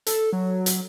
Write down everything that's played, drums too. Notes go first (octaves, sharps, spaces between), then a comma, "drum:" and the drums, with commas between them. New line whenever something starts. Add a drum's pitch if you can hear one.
A4, drum: hi-hat
F#3
drum: hi-hat